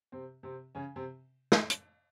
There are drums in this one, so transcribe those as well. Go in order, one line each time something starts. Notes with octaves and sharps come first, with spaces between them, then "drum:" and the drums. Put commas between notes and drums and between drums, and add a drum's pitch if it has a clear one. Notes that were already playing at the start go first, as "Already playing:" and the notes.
C3 C4
C3 C4
C#3 C#4
C3 C4
drum: snare
drum: hi-hat